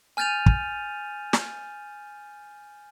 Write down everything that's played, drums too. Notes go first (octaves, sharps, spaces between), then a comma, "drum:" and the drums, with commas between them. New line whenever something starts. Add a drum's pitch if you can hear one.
G#5 F6 G6 A6 D#7 F7
drum: kick
drum: snare